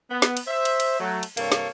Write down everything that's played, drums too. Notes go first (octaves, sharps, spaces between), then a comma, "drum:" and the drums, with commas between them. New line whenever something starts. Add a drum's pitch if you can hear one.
B3
drum: snare
drum: cymbal
C5 E5
drum: cymbal
drum: cymbal
F#3 A3
drum: cymbal
G2 C3 A#3 A4 C#5, drum: cymbal
drum: snare